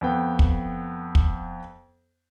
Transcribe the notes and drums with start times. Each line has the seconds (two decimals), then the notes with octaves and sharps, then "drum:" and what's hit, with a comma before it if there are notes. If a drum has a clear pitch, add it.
0.01 F2 B3 G5
0.39 drum: kick
1.15 drum: kick